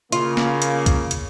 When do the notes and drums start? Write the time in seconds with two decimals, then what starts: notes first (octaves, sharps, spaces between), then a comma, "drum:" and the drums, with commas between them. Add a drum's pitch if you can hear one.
0.12 C#3 A#3 F4, drum: hi-hat
0.37 drum: snare
0.62 drum: hi-hat
0.86 drum: kick C2, hi-hat
1.11 drum: hi-hat